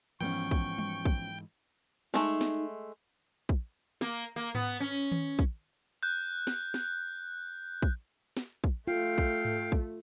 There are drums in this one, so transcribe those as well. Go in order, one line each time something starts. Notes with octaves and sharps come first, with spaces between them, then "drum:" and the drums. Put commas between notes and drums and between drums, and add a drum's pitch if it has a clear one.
G#2 E3 F3 B3 C#4 G5 C#6
drum: kick
drum: tom G3
drum: kick
G#3 A3 D#4, drum: snare
drum: snare
drum: kick
A#3, drum: snare
A#3
B3, drum: tom G#2
C#4
drum: tom D#3
drum: kick
F#6 G6
drum: snare
drum: snare
drum: kick
drum: snare
drum: kick
A3 F4 F5 G5
drum: kick
drum: tom G#2
drum: kick